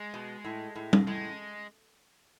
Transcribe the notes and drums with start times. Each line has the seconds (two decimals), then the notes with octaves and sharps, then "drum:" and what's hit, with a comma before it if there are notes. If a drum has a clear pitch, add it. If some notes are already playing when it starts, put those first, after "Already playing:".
Already playing: G#3
0.14 B2
0.44 A2
0.75 A2
0.93 drum: tom
1.07 A2 G#3